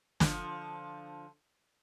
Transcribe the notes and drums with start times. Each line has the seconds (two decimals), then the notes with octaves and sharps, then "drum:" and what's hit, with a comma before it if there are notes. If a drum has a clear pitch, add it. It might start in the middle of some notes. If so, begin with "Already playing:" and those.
0.20 D3 F3, drum: snare